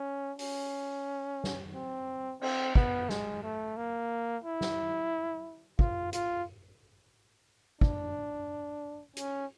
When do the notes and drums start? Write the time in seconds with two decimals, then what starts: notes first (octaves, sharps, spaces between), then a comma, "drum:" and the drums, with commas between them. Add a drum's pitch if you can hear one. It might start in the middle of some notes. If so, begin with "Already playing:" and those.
Already playing: C#4
0.39 C#4, drum: open hi-hat
1.44 drum: snare
1.74 C4
2.41 C4, drum: cymbal
2.75 B3, drum: kick
3.09 G#3, drum: snare
3.43 A3
3.77 A#3
4.44 E4
4.61 drum: snare
5.79 F4, drum: kick
6.13 F4, drum: hi-hat
7.81 D4, drum: kick
9.17 C#4, drum: hi-hat